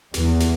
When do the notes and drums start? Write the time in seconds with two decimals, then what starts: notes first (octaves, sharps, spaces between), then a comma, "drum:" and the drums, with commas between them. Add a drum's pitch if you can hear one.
0.14 E2, drum: snare
0.40 drum: snare